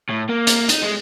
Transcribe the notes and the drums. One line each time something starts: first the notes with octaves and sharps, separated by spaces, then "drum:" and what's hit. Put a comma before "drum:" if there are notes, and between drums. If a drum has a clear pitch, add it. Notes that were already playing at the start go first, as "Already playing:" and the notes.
A2
A#3
drum: hi-hat
D#4, drum: hi-hat
G#3